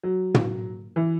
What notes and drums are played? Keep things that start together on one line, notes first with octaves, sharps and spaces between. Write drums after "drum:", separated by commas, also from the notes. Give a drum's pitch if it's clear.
F#3
drum: tom
E3